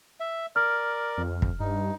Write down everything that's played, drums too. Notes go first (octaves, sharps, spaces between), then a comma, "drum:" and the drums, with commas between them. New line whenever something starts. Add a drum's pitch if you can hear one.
E5
A#4 D5 F6
F2
drum: kick
G2 D#4